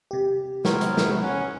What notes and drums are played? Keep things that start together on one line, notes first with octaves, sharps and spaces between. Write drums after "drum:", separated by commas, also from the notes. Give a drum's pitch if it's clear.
C3 G4
B3 C4 A#4 C#5, drum: snare
drum: hi-hat
drum: snare
C#4 F#5